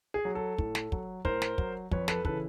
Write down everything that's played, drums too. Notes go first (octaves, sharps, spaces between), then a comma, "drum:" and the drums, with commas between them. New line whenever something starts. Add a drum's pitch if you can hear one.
G#4
F#3
A4
A2, drum: kick
drum: snare
F#3, drum: kick
A2 A#4 C5, drum: kick
drum: snare
F#3, drum: kick
F2 B4 C#5, drum: kick
A4 B4, drum: snare
C#3 E3 A4 B4, drum: kick